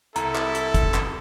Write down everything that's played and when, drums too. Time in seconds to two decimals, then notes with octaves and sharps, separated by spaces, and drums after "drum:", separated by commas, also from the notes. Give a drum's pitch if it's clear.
0.16 C2 E4 A4 A#5, drum: hi-hat
0.35 drum: clap
0.55 drum: hi-hat
0.74 drum: kick, hi-hat
0.94 drum: clap